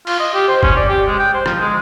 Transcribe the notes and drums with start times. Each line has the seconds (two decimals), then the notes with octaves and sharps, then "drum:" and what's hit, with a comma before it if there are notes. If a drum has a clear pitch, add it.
0.07 F4, drum: cymbal
0.20 D#5
0.34 G4
0.48 C5
0.63 C#4, drum: kick
0.77 D5
0.89 G4
1.07 G#3
1.19 G5
1.34 C5
1.46 F3, drum: rim click
1.59 G#3